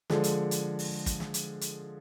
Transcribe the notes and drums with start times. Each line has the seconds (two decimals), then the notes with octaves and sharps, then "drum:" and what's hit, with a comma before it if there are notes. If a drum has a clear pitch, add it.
0.10 D3 F3 G#3, drum: snare
0.24 drum: hi-hat
0.51 drum: hi-hat
0.79 drum: open hi-hat
1.06 drum: kick, hi-hat
1.20 drum: snare
1.34 drum: hi-hat
1.61 drum: hi-hat